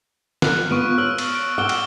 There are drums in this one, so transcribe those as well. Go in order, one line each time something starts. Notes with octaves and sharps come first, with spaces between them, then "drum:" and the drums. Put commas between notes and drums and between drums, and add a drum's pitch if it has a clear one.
F6 F#6, drum: snare
B3 F4 C#6 D7 D#7
C#5 E6 F6 F#7
drum: cymbal
D7
F#5 G5 D6 E6 G7
drum: cymbal